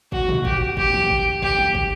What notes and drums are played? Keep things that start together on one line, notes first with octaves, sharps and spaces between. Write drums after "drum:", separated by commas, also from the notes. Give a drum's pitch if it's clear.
F#4, drum: kick
drum: tom A#2
G4, drum: kick
G4, drum: kick
drum: tom D#3
drum: kick
G4, drum: kick
drum: tom D#3
drum: kick